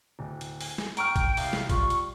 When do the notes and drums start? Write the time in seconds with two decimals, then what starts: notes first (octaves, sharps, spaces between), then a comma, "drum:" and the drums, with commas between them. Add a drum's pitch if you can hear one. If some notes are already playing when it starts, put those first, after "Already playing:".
0.19 D1
0.41 drum: hi-hat
0.61 G#5, drum: open hi-hat
0.78 drum: snare
0.97 G5 A#5 C#6 F6 D7, drum: hi-hat
1.16 drum: kick A#1, hi-hat
1.37 C2 F5, drum: open hi-hat
1.53 drum: snare
1.69 G3 F4 C#6, drum: kick A#1, hi-hat
1.90 drum: hi-hat